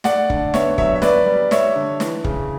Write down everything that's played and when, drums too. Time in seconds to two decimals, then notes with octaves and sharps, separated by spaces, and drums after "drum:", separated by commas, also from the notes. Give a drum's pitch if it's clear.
0.04 A3 D5 F#5, drum: snare
0.30 D3, drum: kick
0.54 B3 C#5 E5, drum: snare
0.78 F#3 C#5 E5, drum: kick
0.96 E5
1.02 B3 B4 D5, drum: snare
1.26 G3
1.51 G3 C#5 E5, drum: snare
1.76 D3
2.00 E3, drum: snare
2.24 C#3, drum: kick